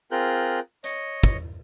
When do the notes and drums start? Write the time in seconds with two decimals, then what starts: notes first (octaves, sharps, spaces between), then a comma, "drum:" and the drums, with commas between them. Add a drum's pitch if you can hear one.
0.11 C4 F4 G#4 A#4 F#6 G6
0.84 C#5 D#5, drum: hi-hat
1.23 drum: kick